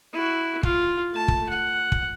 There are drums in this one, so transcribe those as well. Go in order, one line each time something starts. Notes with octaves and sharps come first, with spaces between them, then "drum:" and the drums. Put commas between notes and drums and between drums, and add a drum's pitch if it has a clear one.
E4 F#4
F4, drum: kick
A3 A5
drum: kick
F#5
drum: kick